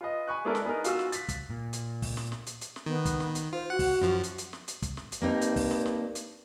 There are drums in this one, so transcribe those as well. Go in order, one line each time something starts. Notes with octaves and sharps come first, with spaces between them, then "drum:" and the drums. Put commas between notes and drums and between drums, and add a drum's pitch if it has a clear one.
F4 B4 D#5
G#5 B5 C#6 F#6
G#3 B3 D4 E4 A4 A#4
drum: snare
B3 D#4 G#4 A#4
F4 F#4 E6, drum: hi-hat
drum: snare
A6 B6, drum: hi-hat
drum: kick, hi-hat
A#2
drum: hi-hat
drum: kick, open hi-hat
drum: snare
drum: snare
drum: hi-hat
drum: hi-hat
drum: snare
D#3 B3
drum: kick, hi-hat
drum: snare
drum: hi-hat
F4 C5
F#4 F#5
drum: kick, open hi-hat
F#2 F3
drum: hi-hat
drum: hi-hat
drum: snare
drum: hi-hat
drum: kick, hi-hat
drum: snare
drum: hi-hat
G2 A#3 C4 D#4
drum: hi-hat
drum: kick, open hi-hat
drum: snare
drum: snare
drum: hi-hat